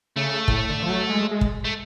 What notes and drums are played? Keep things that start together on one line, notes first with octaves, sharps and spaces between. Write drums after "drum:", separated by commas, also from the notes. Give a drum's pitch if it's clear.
C#3 A3
A2, drum: kick
D3
F3
F#3
G#3
G#3
drum: kick
A3